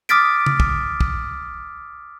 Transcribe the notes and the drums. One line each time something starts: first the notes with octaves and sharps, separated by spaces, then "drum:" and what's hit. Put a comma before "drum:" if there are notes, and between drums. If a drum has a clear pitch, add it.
D6 D#6 F6 A6 B6 D7, drum: hi-hat
drum: tom C#3
drum: kick
drum: kick